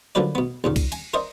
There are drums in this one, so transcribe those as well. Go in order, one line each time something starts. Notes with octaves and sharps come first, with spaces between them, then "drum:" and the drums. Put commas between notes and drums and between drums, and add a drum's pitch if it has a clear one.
D3 F3 F#3 A#3 B4 D5
B2 B3
D#2 A#2 C#3
drum: kick C2, cymbal
G#5, drum: cymbal
A#4 C5 D5 D#5